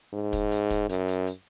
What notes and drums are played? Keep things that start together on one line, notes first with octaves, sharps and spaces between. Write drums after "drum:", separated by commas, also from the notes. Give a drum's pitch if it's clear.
G#2
drum: kick, hi-hat
drum: hi-hat
drum: kick, hi-hat
F#2, drum: hi-hat
drum: hi-hat
drum: hi-hat